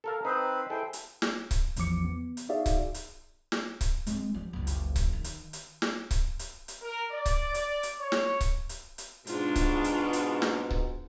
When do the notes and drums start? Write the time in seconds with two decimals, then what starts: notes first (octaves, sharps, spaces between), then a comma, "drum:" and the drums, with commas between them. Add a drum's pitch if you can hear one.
0.04 A4 A#4 F5
0.25 C4 D#4 B4 C5 G5
0.70 E4 G#4 A4 C5 G5
0.93 drum: hi-hat
1.22 drum: snare
1.51 drum: kick C#1, hi-hat
1.76 A1 E2 F3 D6 C#7, drum: hi-hat
2.05 B3
2.37 drum: hi-hat
2.49 D#4 F#4 G#4 D5 E5 F5
2.66 drum: kick C#1, hi-hat
2.94 drum: hi-hat
3.52 drum: snare
3.81 drum: kick C#1, hi-hat
4.07 G#3 C4, drum: hi-hat
4.34 F3 G3
4.53 F#1 C#2
4.67 drum: hi-hat
4.96 drum: kick C#1, hi-hat
5.13 D#3
5.24 drum: hi-hat
5.53 drum: hi-hat
5.82 drum: snare
6.11 drum: kick C#1, hi-hat
6.39 drum: hi-hat
6.68 drum: hi-hat
6.82 A#4
7.11 D5
7.26 drum: kick C#1, hi-hat
7.54 D5, drum: hi-hat
7.83 drum: hi-hat
7.99 C#5
8.12 drum: snare
8.41 drum: kick C#1, hi-hat
8.69 drum: hi-hat
8.98 drum: hi-hat
9.27 G#2 B2 D4 F4, drum: hi-hat
9.56 drum: kick C#1, hi-hat
9.84 drum: hi-hat
10.13 drum: hi-hat
10.42 drum: snare
10.71 drum: kick C#1